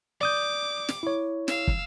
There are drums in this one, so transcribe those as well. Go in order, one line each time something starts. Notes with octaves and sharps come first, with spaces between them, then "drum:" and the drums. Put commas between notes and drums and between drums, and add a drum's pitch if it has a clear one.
D5 D6 D#6 G6
drum: snare
E4 C#5
F5 E6, drum: snare
drum: kick